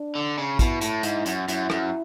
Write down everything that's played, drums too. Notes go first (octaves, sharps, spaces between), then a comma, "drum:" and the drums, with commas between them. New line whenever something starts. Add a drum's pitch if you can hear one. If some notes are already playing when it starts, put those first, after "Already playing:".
Already playing: D4
D3
C#3
B2 E4, drum: kick A1, hi-hat
A2, drum: hi-hat
G#2, drum: hi-hat
F#2, drum: hi-hat
F#2 E4, drum: hi-hat
F#2, drum: rim click